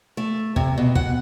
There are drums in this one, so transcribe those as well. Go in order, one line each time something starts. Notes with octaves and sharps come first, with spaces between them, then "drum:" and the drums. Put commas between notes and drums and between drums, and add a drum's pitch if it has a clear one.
A3
C3, drum: kick
B2
F#5, drum: kick